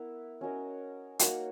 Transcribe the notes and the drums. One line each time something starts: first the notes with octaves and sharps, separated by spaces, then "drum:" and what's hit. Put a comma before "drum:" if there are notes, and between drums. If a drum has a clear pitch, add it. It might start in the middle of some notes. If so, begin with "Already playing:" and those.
Already playing: B3 E4 A#4 E5
C#4 F#4 A#4 D#5
A#3 D#4 F#4 C#5, drum: hi-hat